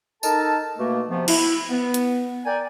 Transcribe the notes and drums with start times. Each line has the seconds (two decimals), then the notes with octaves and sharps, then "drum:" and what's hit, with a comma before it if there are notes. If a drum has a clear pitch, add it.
0.23 D#4 A4 A#4 A5, drum: tambourine
0.78 B2 A3 A#3
1.10 C3 F3 A3 B3
1.28 E4, drum: cymbal
1.70 B3
1.94 drum: hi-hat
2.46 A#4 D5 G5 G#5